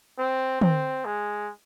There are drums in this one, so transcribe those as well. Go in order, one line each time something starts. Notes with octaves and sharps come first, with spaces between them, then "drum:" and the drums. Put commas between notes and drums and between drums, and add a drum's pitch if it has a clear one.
C4
C4, drum: tom
G#3